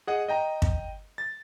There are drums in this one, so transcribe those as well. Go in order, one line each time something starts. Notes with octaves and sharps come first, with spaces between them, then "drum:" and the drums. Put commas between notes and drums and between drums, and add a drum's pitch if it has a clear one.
G#4 D#5 F#5
D#5 G5 A#5
drum: kick
A6